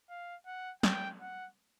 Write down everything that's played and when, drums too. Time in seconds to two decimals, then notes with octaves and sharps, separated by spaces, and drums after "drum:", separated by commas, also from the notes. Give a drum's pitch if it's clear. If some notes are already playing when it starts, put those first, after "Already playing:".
0.10 F5
0.46 F#5
0.83 G5, drum: snare
1.21 F#5